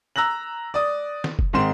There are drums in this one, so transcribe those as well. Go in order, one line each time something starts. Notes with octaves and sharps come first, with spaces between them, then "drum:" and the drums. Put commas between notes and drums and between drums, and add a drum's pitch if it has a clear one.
A#5 E6 F#6 A#6 F#7
D5 D#6
drum: snare
drum: kick F1
G#2 D#3 C4 C6 E7